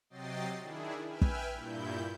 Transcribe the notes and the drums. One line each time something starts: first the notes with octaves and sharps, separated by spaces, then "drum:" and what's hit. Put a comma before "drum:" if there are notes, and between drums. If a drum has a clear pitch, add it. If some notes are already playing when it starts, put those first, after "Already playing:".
C3 F#3 D#5 G5 A6 C7
D#3 D4 E4 G#4
B4 E5 G5 G#5 F6
drum: kick
G2 A#2 E4 G6